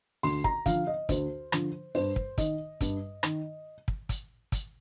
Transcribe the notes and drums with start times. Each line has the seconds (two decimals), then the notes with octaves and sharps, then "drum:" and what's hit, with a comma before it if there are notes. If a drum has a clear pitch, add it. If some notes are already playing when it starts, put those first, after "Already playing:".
0.23 D2 C6, drum: open hi-hat
0.44 A#5, drum: kick
0.66 D3 F3 F5, drum: kick, hi-hat
0.87 D#5
1.09 D2 C5, drum: kick, hi-hat
1.52 D3 F3, drum: rim click
1.95 G2 C5, drum: open hi-hat
2.16 drum: kick
2.38 D#3 D#5, drum: kick, hi-hat
2.81 G2, drum: kick, hi-hat
3.23 D#3, drum: rim click
3.88 drum: kick
4.09 drum: kick, hi-hat
4.52 drum: kick, hi-hat